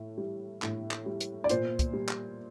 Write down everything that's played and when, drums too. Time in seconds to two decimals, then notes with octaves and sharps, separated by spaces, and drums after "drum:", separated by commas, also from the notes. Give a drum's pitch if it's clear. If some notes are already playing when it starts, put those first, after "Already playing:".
Already playing: A2
0.18 G3
0.62 A2, drum: clap
0.91 drum: clap
1.06 G3
1.20 drum: hi-hat
1.44 D5
1.49 A#2 C5, drum: hi-hat
1.79 drum: kick, hi-hat
1.93 G3
2.09 drum: clap